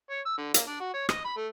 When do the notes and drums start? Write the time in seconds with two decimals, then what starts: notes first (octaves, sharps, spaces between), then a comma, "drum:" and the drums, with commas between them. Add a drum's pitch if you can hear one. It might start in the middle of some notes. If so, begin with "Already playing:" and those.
0.10 C#5
0.26 E6
0.38 D3
0.54 A#3, drum: hi-hat
0.68 D4
0.80 F#4
0.94 C#5
1.09 D#5, drum: rim click
1.25 B5
1.37 A3